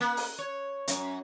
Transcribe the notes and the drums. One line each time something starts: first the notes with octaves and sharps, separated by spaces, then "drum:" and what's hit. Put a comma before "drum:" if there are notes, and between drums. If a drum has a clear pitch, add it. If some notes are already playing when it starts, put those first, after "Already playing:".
A#3
drum: open hi-hat
C#5
F#2, drum: hi-hat